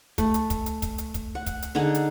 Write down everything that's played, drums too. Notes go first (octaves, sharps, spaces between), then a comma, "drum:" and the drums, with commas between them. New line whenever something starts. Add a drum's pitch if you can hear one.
A3, drum: kick, hi-hat
drum: hi-hat
drum: kick, hi-hat
drum: hi-hat
drum: kick, hi-hat
drum: hi-hat
drum: kick, hi-hat
F#5
drum: kick, hi-hat
drum: hi-hat
D3 D#4 G#4 F#5
drum: hi-hat